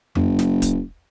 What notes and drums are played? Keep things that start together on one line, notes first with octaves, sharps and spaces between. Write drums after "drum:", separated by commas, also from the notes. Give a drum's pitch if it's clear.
F#1, drum: tom F2
drum: snare
drum: kick, hi-hat